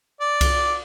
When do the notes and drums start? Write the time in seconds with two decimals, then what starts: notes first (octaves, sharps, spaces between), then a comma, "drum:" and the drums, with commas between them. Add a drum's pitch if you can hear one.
0.20 D5
0.41 drum: kick C2, cymbal